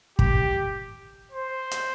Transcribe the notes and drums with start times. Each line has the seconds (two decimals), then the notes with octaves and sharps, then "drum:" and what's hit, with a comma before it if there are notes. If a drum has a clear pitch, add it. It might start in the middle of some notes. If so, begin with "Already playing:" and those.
0.19 G4, drum: kick
1.32 C5
1.71 drum: hi-hat